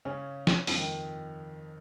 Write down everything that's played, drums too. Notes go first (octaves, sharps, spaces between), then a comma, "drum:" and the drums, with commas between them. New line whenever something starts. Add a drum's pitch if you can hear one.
C#3 C#4
drum: snare
F2 F3, drum: open hi-hat
D#3